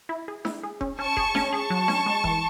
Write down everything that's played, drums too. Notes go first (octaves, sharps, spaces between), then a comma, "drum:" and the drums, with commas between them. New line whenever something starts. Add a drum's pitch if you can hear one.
E4
G#4
E4, drum: snare D4
G#4
C#4, drum: kick F1
C#4 A5 C#6
G#4, drum: kick F1
C#4, drum: snare D4
G#4 A5 C#6
F#3
C#4, drum: snare D4
G#3
E3, drum: kick F1